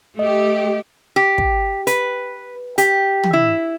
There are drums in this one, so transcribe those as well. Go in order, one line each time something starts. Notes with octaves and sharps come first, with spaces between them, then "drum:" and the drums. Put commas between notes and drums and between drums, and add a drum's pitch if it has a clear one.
A3 G4 D#5
G4
drum: kick
B4, drum: hi-hat
G4, drum: hi-hat
drum: tom
E4